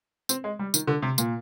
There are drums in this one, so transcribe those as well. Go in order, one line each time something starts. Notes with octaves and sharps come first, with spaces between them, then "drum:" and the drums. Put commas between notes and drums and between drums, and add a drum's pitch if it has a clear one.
C4, drum: tambourine
G#3
G3
D#3, drum: tambourine
D3
C3
A#2, drum: tambourine